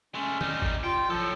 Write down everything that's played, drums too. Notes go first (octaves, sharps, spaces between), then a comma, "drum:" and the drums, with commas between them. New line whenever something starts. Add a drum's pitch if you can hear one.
G#3 A3 C#4
G3 D#4, drum: tom
drum: kick G#1
F4 G5
F3 F#3 A4